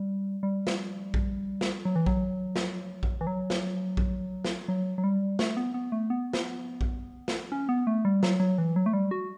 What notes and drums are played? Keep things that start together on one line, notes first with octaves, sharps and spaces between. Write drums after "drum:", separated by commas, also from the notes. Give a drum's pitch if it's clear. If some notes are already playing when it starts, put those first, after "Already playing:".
Already playing: G3
G3
drum: snare
drum: kick A#1
drum: snare
F#3
E3
F#3, drum: kick A#1
drum: snare
drum: kick A#1
E3
F#3
drum: snare
drum: kick A#1
drum: snare
F#3
F#3
G3
A3, drum: snare
B3
B3
A3
B3
drum: snare
drum: kick A#1
drum: snare
C#4
B3
A3
G3
F#3, drum: snare
F#3
E3
F#3
A3
G3
F#4